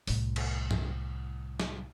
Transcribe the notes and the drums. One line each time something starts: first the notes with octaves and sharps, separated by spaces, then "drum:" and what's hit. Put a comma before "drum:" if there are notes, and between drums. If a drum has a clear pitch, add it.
C2 A2, drum: open hi-hat
drum: cymbal
drum: tom G2
drum: snare